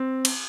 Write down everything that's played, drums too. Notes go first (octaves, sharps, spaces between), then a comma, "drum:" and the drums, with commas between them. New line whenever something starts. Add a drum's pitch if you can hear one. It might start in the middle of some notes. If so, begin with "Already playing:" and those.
Already playing: C4
drum: cymbal